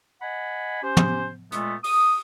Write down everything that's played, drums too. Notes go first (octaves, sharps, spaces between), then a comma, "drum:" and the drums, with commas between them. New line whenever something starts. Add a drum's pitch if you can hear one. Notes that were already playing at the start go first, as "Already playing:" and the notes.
D#5 F#5 G#5 B5
C#4 G4 C5
drum: tom
A#2 G#3 A3 B3, drum: hi-hat
D#6, drum: open hi-hat